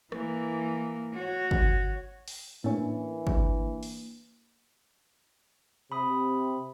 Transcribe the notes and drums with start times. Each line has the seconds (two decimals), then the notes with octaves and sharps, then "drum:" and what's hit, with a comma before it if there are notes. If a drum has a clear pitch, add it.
0.12 E3 A#3, drum: rim click
1.15 F#4 C#5
1.51 drum: kick
2.28 drum: open hi-hat
2.64 A2 E3 A#3 C#4 D4
3.27 drum: kick
3.83 drum: open hi-hat
5.92 C3 B5 D#6